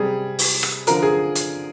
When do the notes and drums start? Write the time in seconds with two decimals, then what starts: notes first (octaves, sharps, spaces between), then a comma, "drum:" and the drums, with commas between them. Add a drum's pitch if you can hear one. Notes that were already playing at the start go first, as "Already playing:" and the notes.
Already playing: C3 G3 G#4
0.39 drum: open hi-hat
0.63 drum: rim click
0.87 D3 F3 A#4, drum: hi-hat
1.03 G#4
1.36 drum: hi-hat